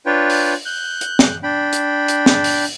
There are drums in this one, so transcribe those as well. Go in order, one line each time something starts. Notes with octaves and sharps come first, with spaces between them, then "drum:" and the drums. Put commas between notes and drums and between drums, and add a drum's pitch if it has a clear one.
D4 F4 B4 C#5 G5
drum: open hi-hat
F#6 G6
drum: hi-hat
drum: snare
D4 G5 B5
drum: hi-hat
drum: hi-hat
drum: snare
drum: open hi-hat